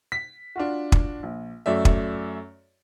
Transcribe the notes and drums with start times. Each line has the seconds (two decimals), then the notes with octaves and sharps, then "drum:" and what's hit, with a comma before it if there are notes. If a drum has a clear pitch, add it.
0.12 B6
0.56 D4 F4 F#4
0.92 drum: kick
1.23 A#1
1.66 F#2 A3 D5 E5
1.85 drum: kick